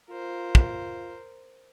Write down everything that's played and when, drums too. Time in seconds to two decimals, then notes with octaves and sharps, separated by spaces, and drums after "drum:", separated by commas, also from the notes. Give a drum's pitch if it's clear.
0.10 F4 A#4 C5
0.55 drum: kick